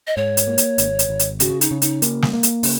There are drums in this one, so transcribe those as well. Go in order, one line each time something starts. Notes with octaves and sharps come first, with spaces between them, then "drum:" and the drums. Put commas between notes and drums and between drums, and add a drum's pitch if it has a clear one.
D#5
G#2 C#5
drum: hi-hat
A#3
drum: hi-hat
G#1, drum: hi-hat
drum: hi-hat
G#1
drum: hi-hat
C#3 F#4, drum: hi-hat
D#4, drum: hi-hat
C#3
D#4, drum: hi-hat
A#3, drum: hi-hat
drum: snare
A#3
drum: hi-hat
C#3, drum: open hi-hat